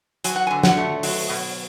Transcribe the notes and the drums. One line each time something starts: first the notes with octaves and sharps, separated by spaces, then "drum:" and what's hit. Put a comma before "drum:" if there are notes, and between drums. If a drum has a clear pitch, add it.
F#3 G#5, drum: hi-hat
F#5
D3 G#5
F#5, drum: snare
A3
F#3, drum: open hi-hat
B2